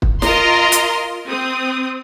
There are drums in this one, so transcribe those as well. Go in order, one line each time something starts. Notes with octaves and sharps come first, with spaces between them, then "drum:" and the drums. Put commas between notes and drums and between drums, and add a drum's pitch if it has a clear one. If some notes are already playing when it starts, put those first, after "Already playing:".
drum: kick
F4 A#4 D#5 A#5 C6, drum: snare
drum: hi-hat
C4 D#6